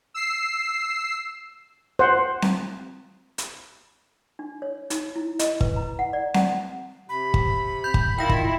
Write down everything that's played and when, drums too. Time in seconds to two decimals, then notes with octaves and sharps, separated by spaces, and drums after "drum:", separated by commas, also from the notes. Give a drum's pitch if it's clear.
0.14 E6 C7
1.99 C5 F#5
2.42 drum: snare C4
3.38 drum: hi-hat
4.39 D4
4.62 C#5
4.90 D#4, drum: hi-hat
5.16 E4
5.39 D#5, drum: hi-hat
5.61 B4, drum: kick
5.76 A#5
5.99 F#5
6.13 D5
6.34 F#5, drum: snare C4
7.09 C3 B5
7.34 drum: kick
7.84 G6
7.94 drum: kick
8.18 D#3 E4 F4 G5 A#6
8.29 drum: kick